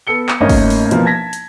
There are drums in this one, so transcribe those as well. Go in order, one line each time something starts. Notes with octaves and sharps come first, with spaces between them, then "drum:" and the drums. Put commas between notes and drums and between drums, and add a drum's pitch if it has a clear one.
B3 A4 C#7 G7
drum: clap
G#1 A3 A#3 C#4 D#5
drum: kick, open hi-hat
drum: open hi-hat
B2 F3 A#3 E4, drum: hi-hat
A5 G#6 A#6 B6
drum: hi-hat